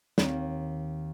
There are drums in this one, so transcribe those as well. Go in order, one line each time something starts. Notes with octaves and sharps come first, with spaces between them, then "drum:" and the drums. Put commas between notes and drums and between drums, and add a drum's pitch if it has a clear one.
D#2 C4 C#5, drum: snare